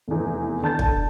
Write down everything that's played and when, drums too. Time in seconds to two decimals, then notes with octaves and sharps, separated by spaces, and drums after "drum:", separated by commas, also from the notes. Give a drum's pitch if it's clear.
0.08 F1 E2
0.62 D3 A5 G6 A6
0.79 drum: kick